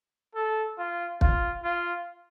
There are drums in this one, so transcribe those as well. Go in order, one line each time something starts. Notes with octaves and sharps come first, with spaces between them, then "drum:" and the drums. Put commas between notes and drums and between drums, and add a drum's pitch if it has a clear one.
A4
F4
F4, drum: kick
F4